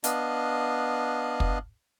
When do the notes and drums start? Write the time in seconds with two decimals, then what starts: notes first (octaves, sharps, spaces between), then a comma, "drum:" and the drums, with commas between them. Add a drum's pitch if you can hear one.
0.04 B3 D4 D#5 F5, drum: hi-hat
1.40 drum: kick